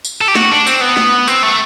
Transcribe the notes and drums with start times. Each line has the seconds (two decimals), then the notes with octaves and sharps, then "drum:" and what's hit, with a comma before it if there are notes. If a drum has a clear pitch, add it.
0.05 drum: tambourine
0.21 A4
0.28 G4
0.35 F#4, drum: snare
0.51 D4
0.67 C4, drum: tambourine
0.81 B3
0.97 drum: snare
1.28 C4, drum: tambourine
1.43 A3